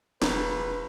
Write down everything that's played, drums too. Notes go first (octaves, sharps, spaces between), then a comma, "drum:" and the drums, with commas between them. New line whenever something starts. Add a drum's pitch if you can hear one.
E1 A#1 B4, drum: snare